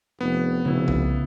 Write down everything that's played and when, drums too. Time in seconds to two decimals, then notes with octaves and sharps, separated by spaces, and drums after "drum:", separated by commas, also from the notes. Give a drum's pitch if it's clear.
0.21 F1 B3
0.65 F1 C#3 E4
0.88 drum: tom C2